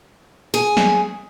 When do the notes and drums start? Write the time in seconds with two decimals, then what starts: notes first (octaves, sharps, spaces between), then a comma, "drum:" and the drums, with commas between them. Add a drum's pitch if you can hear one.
0.54 G#4
0.77 drum: snare